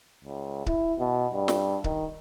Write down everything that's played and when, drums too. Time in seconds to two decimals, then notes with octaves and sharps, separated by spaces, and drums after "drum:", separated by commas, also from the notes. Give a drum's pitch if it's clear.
0.25 C#2
0.66 E4, drum: kick C#1
0.99 B2
1.34 G2
1.48 drum: snare
1.84 D#3, drum: kick C#1